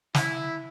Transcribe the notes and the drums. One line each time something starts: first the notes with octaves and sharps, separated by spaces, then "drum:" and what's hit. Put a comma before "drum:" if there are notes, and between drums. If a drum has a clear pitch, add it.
E4, drum: snare